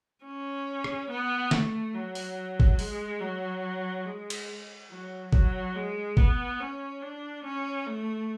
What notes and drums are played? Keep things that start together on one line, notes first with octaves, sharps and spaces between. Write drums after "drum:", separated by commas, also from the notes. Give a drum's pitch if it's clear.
C#4
drum: rim click
B3
A3, drum: snare
F#3
drum: open hi-hat
drum: kick
G#3, drum: open hi-hat
F#3
G#3
drum: cymbal
F#3
F#3, drum: kick
G#3
B3, drum: kick
C#4
D4
C#4
A3